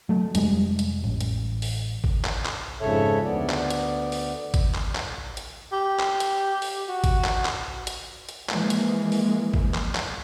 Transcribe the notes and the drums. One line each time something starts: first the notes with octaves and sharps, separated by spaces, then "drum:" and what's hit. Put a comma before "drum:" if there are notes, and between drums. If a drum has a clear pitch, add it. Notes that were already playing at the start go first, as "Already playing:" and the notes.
F#3 A3
F1 G3 G#3, drum: hi-hat
drum: hi-hat
A1
drum: hi-hat
drum: open hi-hat
drum: kick
drum: clap
drum: clap
F2 G#2 C#3 A4 C#5 E5
D2 B3 D5
drum: clap
drum: hi-hat
drum: open hi-hat
drum: kick, hi-hat
drum: clap
drum: clap
drum: hi-hat
G4
drum: clap
drum: hi-hat
drum: open hi-hat
F#4
drum: kick, hi-hat
drum: clap
drum: clap
drum: hi-hat
drum: hi-hat
E3 F3 G#3 A#3, drum: clap
drum: hi-hat
drum: open hi-hat
drum: kick
drum: clap
drum: clap